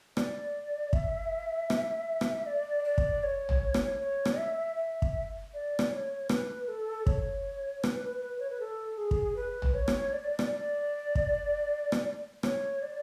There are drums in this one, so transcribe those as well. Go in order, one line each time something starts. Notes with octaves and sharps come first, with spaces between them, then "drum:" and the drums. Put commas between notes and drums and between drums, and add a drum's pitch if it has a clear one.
D5, drum: rim click
E5, drum: kick
drum: rim click
drum: rim click
D5
D5
drum: kick
C#5
drum: tom A1
drum: rim click
C#5
drum: rim click
E5
E5
drum: kick
D5
drum: rim click
C#5
B4, drum: rim click
A4
C#5, drum: kick
B4, drum: rim click
B4
C#5
B4
A4
G#4
drum: kick
B4
drum: tom A1
C#5
drum: rim click
D5
drum: rim click
D5
drum: kick
drum: rim click
C#5, drum: rim click
D5